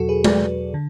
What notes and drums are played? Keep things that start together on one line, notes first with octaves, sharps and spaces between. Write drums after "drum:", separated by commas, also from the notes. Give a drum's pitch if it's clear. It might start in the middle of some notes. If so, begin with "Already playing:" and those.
Already playing: E2 B2 F#3 F#4 A4
G#4 B4
B4 D5, drum: tom G#3
D3